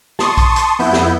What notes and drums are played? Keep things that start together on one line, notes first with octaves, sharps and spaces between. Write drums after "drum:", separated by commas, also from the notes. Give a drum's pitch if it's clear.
A5 C6 C#6 D#6, drum: snare
drum: kick A#1, hi-hat
drum: hi-hat
F2 B3 E4 G6
drum: snare